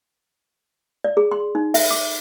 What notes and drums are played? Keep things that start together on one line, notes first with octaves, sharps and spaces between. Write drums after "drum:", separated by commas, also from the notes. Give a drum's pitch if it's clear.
D5
G#4
C6
D#4
E5, drum: open hi-hat
D6